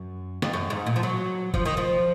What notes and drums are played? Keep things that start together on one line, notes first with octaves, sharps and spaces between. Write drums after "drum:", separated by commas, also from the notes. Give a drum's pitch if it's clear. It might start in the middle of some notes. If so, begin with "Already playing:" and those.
Already playing: F#2
F2, drum: snare
F#2
G#2
A#2
F3
F#3
F3, drum: kick F#1
D#3
F3